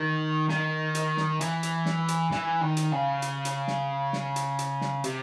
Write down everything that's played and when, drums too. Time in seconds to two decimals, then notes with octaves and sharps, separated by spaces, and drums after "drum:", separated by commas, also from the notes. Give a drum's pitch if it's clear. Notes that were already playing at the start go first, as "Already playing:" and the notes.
Already playing: D#3
0.49 D#3, drum: snare
0.95 drum: hi-hat
1.17 drum: snare
1.41 E3, drum: hi-hat
1.63 drum: hi-hat
1.86 drum: snare
2.08 drum: hi-hat
2.31 E3, drum: snare
2.61 D#3
2.77 drum: hi-hat
2.92 C#3
3.22 drum: hi-hat
3.45 drum: hi-hat
3.68 drum: snare
4.13 drum: snare
4.36 drum: hi-hat
4.59 drum: hi-hat
4.81 drum: snare
5.04 C3, drum: hi-hat